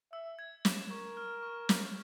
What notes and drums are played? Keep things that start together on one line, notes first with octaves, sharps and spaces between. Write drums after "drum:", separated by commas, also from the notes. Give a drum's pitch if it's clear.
E5 E6
G#6
E7, drum: snare
A#4 C#6
F6
C#6
G6, drum: snare